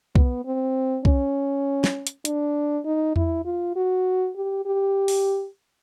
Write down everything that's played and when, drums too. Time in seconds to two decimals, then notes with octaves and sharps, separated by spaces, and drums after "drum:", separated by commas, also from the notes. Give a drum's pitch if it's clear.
0.15 B3, drum: kick
0.45 C4
1.05 C#4, drum: kick
1.84 drum: snare
2.07 drum: hi-hat
2.25 D4, drum: hi-hat
2.85 D#4
3.16 E4, drum: tom E2
3.45 F4
3.76 F#4
4.36 G4
4.65 G4
5.08 drum: open hi-hat